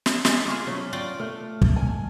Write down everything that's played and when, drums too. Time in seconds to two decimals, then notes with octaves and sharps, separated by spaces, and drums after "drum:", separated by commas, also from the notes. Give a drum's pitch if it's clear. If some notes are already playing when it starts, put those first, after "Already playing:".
0.06 drum: snare
0.25 G#3 D6 A6 B6, drum: snare
0.46 F4 G#4 C6 C#6 F6
0.67 F#3 A3 C#4
0.93 F4 D5 G5
1.20 A3 F6
1.62 drum: kick
1.76 B2 G#5